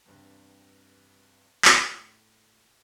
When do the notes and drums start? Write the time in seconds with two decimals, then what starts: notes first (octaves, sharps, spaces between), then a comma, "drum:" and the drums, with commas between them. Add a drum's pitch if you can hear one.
0.06 E2 G2 C3
1.65 A2, drum: clap